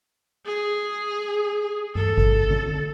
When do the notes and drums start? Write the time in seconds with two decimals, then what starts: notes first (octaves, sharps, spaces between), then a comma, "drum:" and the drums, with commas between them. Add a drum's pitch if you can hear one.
0.46 G#4
1.95 A4, drum: tom G2
2.18 drum: kick G#1
2.50 drum: tom D3